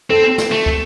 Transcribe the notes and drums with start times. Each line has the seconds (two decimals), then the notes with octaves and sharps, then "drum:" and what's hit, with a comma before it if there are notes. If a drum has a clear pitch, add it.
0.10 C4 A4
0.38 drum: snare
0.52 A3
0.66 drum: kick